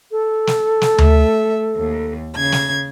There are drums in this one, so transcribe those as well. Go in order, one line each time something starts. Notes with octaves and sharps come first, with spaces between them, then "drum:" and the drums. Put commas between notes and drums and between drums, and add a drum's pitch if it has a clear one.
A4
drum: snare
drum: snare
A3 E5, drum: tom D2
D#2
C#3 G#6
drum: snare